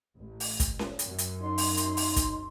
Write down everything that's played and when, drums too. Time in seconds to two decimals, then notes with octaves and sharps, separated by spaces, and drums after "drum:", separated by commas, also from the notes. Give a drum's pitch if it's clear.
0.17 A1
0.40 drum: open hi-hat
0.60 drum: kick, hi-hat
0.79 drum: snare C#4
0.99 F#2 C#4, drum: hi-hat
1.18 drum: hi-hat
1.42 D#4 C6
1.58 drum: open hi-hat
1.77 drum: hi-hat
1.97 drum: open hi-hat
2.16 drum: kick, hi-hat